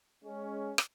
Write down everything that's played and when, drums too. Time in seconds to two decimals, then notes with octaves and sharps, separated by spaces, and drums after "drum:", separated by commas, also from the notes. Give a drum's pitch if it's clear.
0.24 G#3 C#4
0.78 drum: rim click